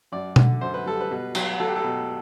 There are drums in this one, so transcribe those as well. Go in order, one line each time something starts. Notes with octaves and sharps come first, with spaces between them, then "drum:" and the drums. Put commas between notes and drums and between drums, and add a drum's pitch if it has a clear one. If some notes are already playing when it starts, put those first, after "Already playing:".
F#2 D5
D3, drum: tom B2
F#2 C5
B4
G3 A4
B4
B2
F#3, drum: cymbal
F#3 A4
G4
A4
B2